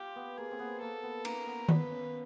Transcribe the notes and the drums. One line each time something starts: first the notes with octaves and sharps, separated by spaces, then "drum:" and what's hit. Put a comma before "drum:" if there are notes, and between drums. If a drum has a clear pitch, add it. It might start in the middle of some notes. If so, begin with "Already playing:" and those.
Already playing: F4 G4
B3
A#3 G#4
C4
B3
A#3 A4
B3
A#3 A#4, drum: cymbal
B3
B3 B4, drum: tom D#3
C#4